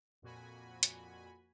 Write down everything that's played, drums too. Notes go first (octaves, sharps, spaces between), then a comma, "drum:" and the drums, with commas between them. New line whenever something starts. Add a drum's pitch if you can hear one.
F2 A#2 F#4 G#5 B5
drum: hi-hat